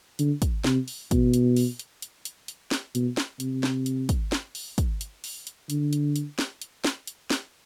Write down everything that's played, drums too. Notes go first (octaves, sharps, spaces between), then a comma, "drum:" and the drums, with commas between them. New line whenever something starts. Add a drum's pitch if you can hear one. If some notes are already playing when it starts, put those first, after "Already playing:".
D3, drum: hi-hat
drum: kick, hi-hat
C3, drum: snare
drum: open hi-hat
B2, drum: kick, hi-hat
drum: hi-hat
drum: open hi-hat
drum: hi-hat
drum: hi-hat
drum: hi-hat
drum: hi-hat
drum: snare
B2, drum: hi-hat
drum: snare
C3, drum: hi-hat
drum: snare
drum: hi-hat
drum: kick, hi-hat
drum: snare
drum: open hi-hat
drum: kick, hi-hat
drum: hi-hat
drum: open hi-hat
drum: hi-hat
D3, drum: hi-hat
drum: hi-hat
drum: hi-hat
drum: snare
drum: hi-hat
drum: snare
drum: hi-hat
drum: snare